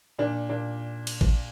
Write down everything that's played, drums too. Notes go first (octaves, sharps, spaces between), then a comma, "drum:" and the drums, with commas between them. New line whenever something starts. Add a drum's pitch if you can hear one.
A#2 D4
A#2 D4
drum: cymbal
drum: kick A1